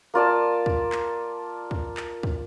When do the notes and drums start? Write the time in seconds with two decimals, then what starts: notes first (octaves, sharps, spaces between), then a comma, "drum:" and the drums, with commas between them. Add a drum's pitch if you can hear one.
0.14 A#3 F4 D5 A5
0.66 drum: kick
0.92 drum: clap
1.71 drum: kick
1.97 drum: clap
2.23 drum: kick